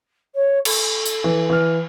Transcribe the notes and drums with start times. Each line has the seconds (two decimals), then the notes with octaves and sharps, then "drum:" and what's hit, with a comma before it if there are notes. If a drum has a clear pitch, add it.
0.35 C#5
0.65 A4, drum: cymbal
1.06 drum: hi-hat
1.24 E3
1.50 E3 F6